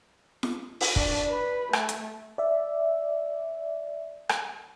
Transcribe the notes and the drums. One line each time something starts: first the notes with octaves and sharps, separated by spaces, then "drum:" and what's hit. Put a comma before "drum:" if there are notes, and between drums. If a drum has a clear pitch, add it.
drum: snare
drum: open hi-hat
D4, drum: kick
B4
A3, drum: rim click
drum: hi-hat
D5 E5
drum: rim click